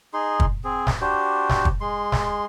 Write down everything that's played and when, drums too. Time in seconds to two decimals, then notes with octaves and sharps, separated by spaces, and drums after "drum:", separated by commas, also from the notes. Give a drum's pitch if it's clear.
0.14 D#4 G#4 C6
0.40 drum: kick
0.64 C4 G#4
0.87 drum: snare
1.01 D4 F#4 G4 C5
1.49 drum: snare
1.65 drum: kick
1.81 G#3 C6
2.12 drum: snare